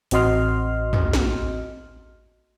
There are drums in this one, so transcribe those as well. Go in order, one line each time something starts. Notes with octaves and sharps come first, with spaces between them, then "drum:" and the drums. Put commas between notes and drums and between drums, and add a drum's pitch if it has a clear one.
A1 C4 F#4 D#5 C6 F6, drum: hi-hat
drum: tom
drum: snare